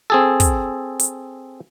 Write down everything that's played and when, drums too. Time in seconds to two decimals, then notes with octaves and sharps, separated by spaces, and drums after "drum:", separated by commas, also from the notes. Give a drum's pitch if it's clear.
0.10 C4 G#4 A4
0.40 drum: kick, hi-hat
0.99 drum: hi-hat